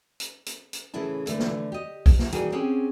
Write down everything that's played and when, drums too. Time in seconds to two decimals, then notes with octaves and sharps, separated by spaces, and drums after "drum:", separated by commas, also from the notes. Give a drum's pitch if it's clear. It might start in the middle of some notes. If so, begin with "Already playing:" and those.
0.20 drum: hi-hat
0.46 drum: hi-hat
0.73 drum: hi-hat
0.94 A2 C#3 E3 E4 A5
1.27 D3 E3 A3, drum: hi-hat
1.39 drum: snare
1.72 G4 D#5
2.06 drum: kick, open hi-hat
2.19 drum: snare
2.32 A#2 D#3 E3 G3 F#4 G#4, drum: hi-hat
2.52 C4 C#4 G4 G#4 F#5